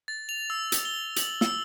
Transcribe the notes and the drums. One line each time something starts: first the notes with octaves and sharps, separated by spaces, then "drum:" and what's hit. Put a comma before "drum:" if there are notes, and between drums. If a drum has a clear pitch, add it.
A6
F7
E6
drum: hi-hat
G7
F#7, drum: hi-hat
E6, drum: snare